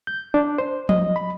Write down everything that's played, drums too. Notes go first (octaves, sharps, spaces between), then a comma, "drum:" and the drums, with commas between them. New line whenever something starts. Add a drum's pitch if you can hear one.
G6
D4
C5
D#5, drum: tom F3
B5